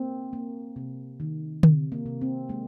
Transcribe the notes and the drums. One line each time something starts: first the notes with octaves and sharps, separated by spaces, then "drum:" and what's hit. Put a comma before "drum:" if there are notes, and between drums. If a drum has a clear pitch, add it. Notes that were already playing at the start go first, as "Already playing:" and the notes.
Already playing: A#3 C4
A#3
C3
D#3
C3, drum: tom D3
A#3
C3
C4
G#3 A#3